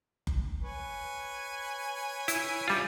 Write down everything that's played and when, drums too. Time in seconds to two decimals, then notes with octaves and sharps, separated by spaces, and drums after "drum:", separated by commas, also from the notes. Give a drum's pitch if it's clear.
0.27 drum: kick F#1
0.63 B4 C#5 G#5
2.28 E4, drum: hi-hat
2.68 G3 C#4 D4 E4 F4